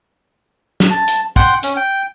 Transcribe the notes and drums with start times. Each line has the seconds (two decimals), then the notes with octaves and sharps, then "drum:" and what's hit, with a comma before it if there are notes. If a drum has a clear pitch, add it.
0.80 drum: snare
0.91 A5
1.08 drum: hi-hat
1.36 F#5 G5 C6, drum: kick
1.63 C#4, drum: hi-hat
1.76 G5